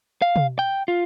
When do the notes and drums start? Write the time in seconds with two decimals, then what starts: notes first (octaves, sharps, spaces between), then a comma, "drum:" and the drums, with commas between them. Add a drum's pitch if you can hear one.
0.22 F5
0.36 drum: tom
0.59 G5
0.88 F4